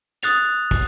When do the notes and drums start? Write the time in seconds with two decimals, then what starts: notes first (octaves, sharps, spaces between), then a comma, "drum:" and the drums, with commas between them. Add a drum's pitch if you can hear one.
0.23 D#6 F#6 A6 F7, drum: hi-hat
0.71 drum: kick, open hi-hat